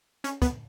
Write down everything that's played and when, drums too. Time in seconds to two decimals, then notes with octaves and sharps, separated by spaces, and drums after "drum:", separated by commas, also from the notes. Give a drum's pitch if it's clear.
0.24 C#4, drum: hi-hat
0.42 B3, drum: kick, hi-hat